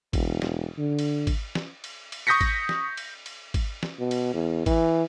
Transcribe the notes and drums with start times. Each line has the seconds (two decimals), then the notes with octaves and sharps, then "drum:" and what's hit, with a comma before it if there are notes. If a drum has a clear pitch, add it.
0.13 E1, drum: kick G#1, cymbal
0.42 drum: snare
0.78 D3
0.99 drum: cymbal
1.27 drum: kick G#1, cymbal
1.55 drum: snare
1.84 drum: cymbal
2.12 drum: cymbal
2.27 C#6 D#6 G6 A#6 B6 C#7
2.41 drum: kick G#1, cymbal
2.69 drum: snare
2.97 drum: cymbal
3.26 drum: cymbal
3.54 drum: kick G#1, cymbal
3.83 drum: snare
3.99 B2
4.11 drum: cymbal
4.34 E2
4.66 E3, drum: kick G#1, cymbal